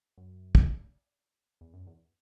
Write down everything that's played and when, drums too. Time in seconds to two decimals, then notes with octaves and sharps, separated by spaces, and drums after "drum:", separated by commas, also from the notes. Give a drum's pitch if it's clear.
0.18 F#2
0.55 drum: kick
1.61 E2
1.74 F#2
1.87 E2